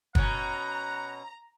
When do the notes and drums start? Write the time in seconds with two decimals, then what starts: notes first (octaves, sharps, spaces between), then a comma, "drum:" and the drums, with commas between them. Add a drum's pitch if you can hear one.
0.15 B2 C#4 F#5 A#5, drum: kick